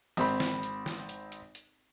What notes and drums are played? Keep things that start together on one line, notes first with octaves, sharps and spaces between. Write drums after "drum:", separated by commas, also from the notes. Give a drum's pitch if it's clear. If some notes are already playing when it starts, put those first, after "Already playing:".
G#1 C4 B5, drum: open hi-hat
drum: snare
drum: hi-hat
drum: snare
drum: hi-hat
drum: hi-hat
drum: hi-hat